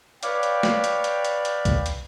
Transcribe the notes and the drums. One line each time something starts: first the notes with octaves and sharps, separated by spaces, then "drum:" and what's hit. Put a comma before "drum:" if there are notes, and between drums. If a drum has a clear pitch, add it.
B4 C#5 D5 F5 G5, drum: hi-hat
drum: hi-hat
drum: snare
drum: hi-hat
drum: hi-hat
drum: hi-hat
drum: hi-hat
drum: kick C2, hi-hat
drum: hi-hat